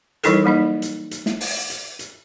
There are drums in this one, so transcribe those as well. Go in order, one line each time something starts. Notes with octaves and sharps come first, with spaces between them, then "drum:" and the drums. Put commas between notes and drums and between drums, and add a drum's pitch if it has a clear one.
E3 G3 D#4 E4 A4 A#4, drum: hi-hat
F#3 A#3 D#4 D#5
drum: hi-hat
drum: hi-hat
drum: snare
drum: open hi-hat
drum: hi-hat
drum: hi-hat